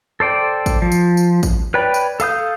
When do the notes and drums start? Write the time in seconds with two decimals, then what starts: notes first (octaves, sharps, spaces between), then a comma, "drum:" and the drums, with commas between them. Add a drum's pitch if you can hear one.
0.20 A4 C5 D5 G5
0.66 drum: kick A1, tambourine
0.82 F3
0.92 drum: tambourine
1.17 drum: tambourine
1.43 drum: kick A1, tambourine
1.74 B4 C#5 D5 G5 B5
1.94 drum: tambourine
2.20 A4 F5 D#6 G6, drum: tambourine